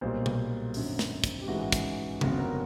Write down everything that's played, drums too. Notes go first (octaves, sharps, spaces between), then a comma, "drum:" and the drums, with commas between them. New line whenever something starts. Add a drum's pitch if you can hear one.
B1 A#2 G3 A#3 C5
drum: tom B2
G#1 F#2 D3, drum: open hi-hat
drum: snare
drum: kick, hi-hat
G4
A1 G#2 E3 G#3 F#4
drum: kick, hi-hat
G1 F2 C#3 F#4, drum: tom C3
A#4